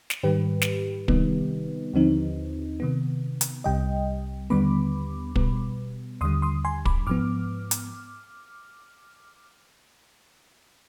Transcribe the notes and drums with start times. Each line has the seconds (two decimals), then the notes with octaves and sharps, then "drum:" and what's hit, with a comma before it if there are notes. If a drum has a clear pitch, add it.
0.10 drum: snare
0.23 G#2 D#3 G3 G4 B4
0.62 drum: snare
1.08 C3 D#3 G3 B3 D#4, drum: kick
1.94 D#2 D3 F3 C4 D#4
2.80 C3 D#3 B3
3.41 drum: hi-hat
3.64 C2 C3 G3 D#5 G5
4.50 D#2 D3 G3 B3 B5 D6
5.36 B2 G3 B3, drum: kick
6.21 D#2 D3 G3 C6 D#6
6.42 C6 D#6
6.65 G#5 C6
6.85 B5 D6, drum: kick
7.07 G#2 F3 B3 D6 F6
7.71 drum: hi-hat